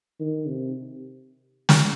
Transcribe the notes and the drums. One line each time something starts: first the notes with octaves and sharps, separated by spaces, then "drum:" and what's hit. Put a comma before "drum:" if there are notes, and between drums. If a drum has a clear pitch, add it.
D#3
C3
drum: snare